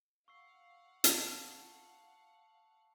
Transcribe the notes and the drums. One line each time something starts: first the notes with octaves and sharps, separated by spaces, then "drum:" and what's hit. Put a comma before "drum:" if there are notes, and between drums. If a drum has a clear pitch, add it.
F5 F#5 C#6 E6 C7
A5, drum: hi-hat